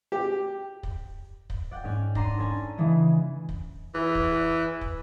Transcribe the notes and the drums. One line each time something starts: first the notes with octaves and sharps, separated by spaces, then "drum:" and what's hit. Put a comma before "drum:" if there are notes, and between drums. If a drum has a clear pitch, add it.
G4
drum: kick
drum: kick
D5 F#5 G5
G#2 C#4
D4 A#5 C6 D#7, drum: kick
C#4 A4
C#3 E3 G#3
drum: kick
E3
drum: kick
drum: kick